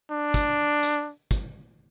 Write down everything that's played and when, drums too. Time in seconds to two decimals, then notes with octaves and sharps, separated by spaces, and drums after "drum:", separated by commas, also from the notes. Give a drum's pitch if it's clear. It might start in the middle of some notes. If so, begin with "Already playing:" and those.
0.10 D4
0.34 drum: kick, hi-hat
0.83 drum: hi-hat
1.31 drum: kick, hi-hat